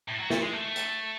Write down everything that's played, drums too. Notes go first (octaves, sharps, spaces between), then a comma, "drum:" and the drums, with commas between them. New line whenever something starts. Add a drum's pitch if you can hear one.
A2
F#3
A3, drum: snare
G#3
A3
drum: hi-hat